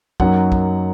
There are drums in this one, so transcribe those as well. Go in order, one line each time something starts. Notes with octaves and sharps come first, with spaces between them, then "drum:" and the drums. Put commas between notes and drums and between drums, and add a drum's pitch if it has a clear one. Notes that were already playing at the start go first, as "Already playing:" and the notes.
F#2 F#3 A#3 D#4 F#5, drum: kick
drum: kick